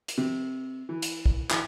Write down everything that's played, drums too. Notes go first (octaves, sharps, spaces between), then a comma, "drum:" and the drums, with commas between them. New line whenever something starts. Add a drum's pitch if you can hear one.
drum: hi-hat
C3
E3
drum: hi-hat
drum: kick
E3, drum: clap